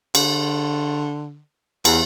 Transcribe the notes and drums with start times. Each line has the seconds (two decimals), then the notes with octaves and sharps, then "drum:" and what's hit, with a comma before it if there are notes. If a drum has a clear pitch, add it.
0.15 D3, drum: cymbal
1.85 E2, drum: cymbal